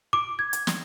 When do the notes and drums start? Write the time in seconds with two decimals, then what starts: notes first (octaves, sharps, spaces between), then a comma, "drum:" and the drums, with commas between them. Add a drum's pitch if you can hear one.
0.13 D6
0.39 G#6
0.53 drum: hi-hat
0.67 drum: snare